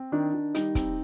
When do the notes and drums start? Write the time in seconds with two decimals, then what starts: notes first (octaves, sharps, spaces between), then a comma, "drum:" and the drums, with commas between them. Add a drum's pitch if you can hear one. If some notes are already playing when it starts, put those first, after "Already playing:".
Already playing: C4
0.12 D#3 D4
0.34 D#3
0.55 G3 D#4, drum: hi-hat
0.75 C4, drum: kick, hi-hat